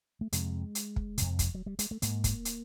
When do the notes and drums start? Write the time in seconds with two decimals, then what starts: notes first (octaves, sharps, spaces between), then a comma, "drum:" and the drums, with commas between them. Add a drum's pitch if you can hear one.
0.21 A3
0.33 F2 C3 G#3, drum: hi-hat
0.75 drum: hi-hat
0.96 drum: kick
1.18 F2 C3, drum: hi-hat
1.39 drum: kick, hi-hat
1.55 F#3
1.66 G3
1.79 G#3, drum: hi-hat
1.91 A3
2.02 G#2 A#3, drum: hi-hat
2.24 drum: kick, hi-hat
2.45 drum: hi-hat